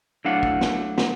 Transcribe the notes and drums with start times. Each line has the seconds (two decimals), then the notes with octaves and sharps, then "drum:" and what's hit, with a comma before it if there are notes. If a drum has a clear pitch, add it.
0.25 F#3 A3 D4 E4 F5 F#5
0.43 drum: kick
0.61 drum: snare
0.98 drum: snare